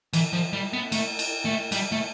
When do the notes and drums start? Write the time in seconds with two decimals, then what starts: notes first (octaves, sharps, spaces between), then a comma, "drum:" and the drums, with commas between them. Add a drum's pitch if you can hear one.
0.13 E3, drum: cymbal
0.33 F3
0.53 G3
0.73 B3
0.92 A3, drum: cymbal
1.19 drum: cymbal
1.45 A3
1.72 G3, drum: cymbal
1.92 A3